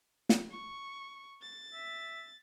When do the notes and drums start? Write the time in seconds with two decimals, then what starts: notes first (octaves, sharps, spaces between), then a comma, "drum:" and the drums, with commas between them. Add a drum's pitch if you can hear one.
0.29 drum: snare
0.51 C#6
1.42 A6
1.74 E5